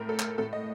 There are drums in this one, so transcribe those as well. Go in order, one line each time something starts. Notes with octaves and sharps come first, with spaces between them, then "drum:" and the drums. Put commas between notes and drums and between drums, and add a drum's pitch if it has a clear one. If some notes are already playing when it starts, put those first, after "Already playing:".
Already playing: A2 A#4
A4
drum: clap
A2 A4
D#5